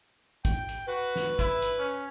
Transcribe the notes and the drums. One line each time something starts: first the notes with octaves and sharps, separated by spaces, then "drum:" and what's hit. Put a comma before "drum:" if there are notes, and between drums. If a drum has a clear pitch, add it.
G5, drum: kick, hi-hat
drum: hi-hat
F#4 B4
drum: snare
E4, drum: kick, hi-hat
drum: hi-hat
C#4